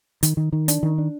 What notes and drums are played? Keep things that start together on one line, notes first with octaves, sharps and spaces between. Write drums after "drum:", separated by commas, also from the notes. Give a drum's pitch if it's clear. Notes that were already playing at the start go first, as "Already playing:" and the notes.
D#3, drum: hi-hat
D#3
D#3
D4, drum: hi-hat
D#3
D4